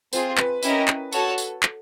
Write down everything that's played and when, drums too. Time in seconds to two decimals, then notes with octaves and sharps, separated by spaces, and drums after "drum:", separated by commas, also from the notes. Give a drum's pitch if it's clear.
0.13 C4 F4 G#4 C5, drum: tambourine
0.38 B4, drum: clap
0.63 C#4 E4 G4 A#4 D#5, drum: tambourine
0.88 drum: clap
1.13 F#4 A4 C#5 F#5 A5, drum: tambourine
1.38 drum: tambourine
1.63 drum: clap